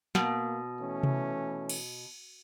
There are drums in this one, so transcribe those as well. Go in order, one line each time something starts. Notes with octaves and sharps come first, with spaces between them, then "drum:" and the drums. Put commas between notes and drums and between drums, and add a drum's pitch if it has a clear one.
B2 A#3, drum: snare
E3 A3 C#4
drum: tom C3
drum: cymbal